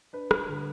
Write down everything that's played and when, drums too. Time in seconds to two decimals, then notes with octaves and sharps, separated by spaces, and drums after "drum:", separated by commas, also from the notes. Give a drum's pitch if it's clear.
0.13 D4 B4
0.31 G3, drum: rim click
0.49 D3